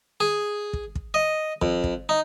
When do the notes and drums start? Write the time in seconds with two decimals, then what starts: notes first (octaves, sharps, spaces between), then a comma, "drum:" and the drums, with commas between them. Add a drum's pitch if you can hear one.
0.20 G#4
0.73 drum: kick
0.95 drum: kick
1.14 D#5
1.62 F2, drum: kick
1.84 drum: kick
2.09 D#4